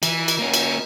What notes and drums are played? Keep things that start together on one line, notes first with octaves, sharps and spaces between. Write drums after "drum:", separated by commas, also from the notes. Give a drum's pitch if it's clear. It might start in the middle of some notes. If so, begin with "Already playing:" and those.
E3, drum: cymbal
drum: cymbal
A#3 C#4
drum: cymbal